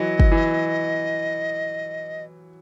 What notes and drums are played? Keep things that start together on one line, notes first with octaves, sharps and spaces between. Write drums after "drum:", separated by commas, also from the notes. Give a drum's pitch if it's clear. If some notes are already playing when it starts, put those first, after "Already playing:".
Already playing: E3 F#3 D#5
drum: kick
E3